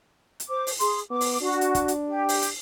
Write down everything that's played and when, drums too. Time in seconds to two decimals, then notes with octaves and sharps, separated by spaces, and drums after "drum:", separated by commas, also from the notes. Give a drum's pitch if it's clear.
0.40 drum: hi-hat
0.49 C5 D6
0.67 drum: open hi-hat
0.80 G#4 C6, drum: hi-hat
1.11 B3 D6
1.21 drum: open hi-hat
1.41 D4 F#4
1.61 drum: hi-hat
1.75 drum: kick, hi-hat
1.88 drum: hi-hat
2.09 G4
2.29 drum: open hi-hat
2.42 drum: hi-hat